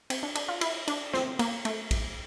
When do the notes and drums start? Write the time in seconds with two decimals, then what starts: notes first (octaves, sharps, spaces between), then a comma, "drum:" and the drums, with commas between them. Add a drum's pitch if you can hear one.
0.10 C4, drum: cymbal
0.23 D4
0.35 D4, drum: cymbal
0.48 F4
0.61 E4, drum: cymbal
0.88 D4, drum: cymbal
1.13 C4, drum: snare
1.39 A#3, drum: cymbal
1.65 A3, drum: cymbal
1.91 drum: kick, cymbal